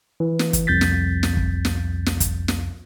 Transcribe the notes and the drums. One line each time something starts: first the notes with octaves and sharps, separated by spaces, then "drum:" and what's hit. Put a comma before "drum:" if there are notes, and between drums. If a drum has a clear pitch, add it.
E3
drum: snare
drum: kick, hi-hat
C2 F2 G6 A6 B6
drum: snare
drum: snare
drum: kick
drum: snare
drum: snare
drum: kick, hi-hat
drum: snare